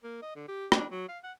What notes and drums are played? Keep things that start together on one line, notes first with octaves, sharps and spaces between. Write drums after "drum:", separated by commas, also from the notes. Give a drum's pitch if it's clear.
A#3
D#5
D3
G4
D4, drum: rim click
F#3
F5
F#5